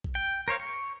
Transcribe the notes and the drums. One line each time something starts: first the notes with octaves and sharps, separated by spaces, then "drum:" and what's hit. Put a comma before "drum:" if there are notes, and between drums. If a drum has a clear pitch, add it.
drum: kick A#1
G5
A#4 C5 C#5 F5
C#6